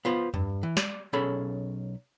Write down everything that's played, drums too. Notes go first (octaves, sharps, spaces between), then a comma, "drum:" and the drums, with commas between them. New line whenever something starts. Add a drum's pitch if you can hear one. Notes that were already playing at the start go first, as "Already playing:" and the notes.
B3 F4 C5
G2, drum: tom E2
E3
D5, drum: snare
B1 C#4 G#4 A4 B5